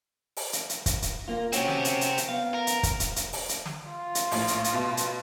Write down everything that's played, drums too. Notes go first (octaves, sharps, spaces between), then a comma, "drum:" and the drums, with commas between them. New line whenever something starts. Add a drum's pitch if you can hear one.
drum: open hi-hat
drum: hi-hat
drum: hi-hat
drum: kick, hi-hat
drum: hi-hat
A#3 F4
C4 C#4 F#4 G4, drum: hi-hat
drum: snare
drum: hi-hat
drum: hi-hat
drum: hi-hat
B3 F5
A#4
drum: hi-hat
drum: kick, hi-hat
drum: hi-hat
drum: hi-hat
drum: open hi-hat
drum: hi-hat
drum: snare
F4
drum: hi-hat
A#1 A2, drum: open hi-hat
drum: hi-hat
drum: hi-hat
B2
drum: hi-hat